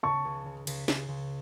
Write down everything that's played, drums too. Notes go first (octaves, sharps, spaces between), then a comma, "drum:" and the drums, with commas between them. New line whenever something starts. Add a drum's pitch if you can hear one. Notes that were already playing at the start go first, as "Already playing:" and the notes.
C#3 A5 C#6
C#2
C#3
C#2, drum: cymbal
C#2, drum: snare
C#2